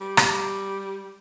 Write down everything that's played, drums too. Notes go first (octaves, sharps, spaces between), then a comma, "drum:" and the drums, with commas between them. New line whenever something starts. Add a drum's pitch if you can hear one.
G3
drum: rim click